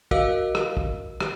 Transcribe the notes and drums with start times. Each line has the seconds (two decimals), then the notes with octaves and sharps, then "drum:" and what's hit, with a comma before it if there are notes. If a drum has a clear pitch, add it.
0.11 F#4 A#4 D#5 F5 E6, drum: kick
0.55 drum: rim click
0.77 drum: kick
1.20 drum: rim click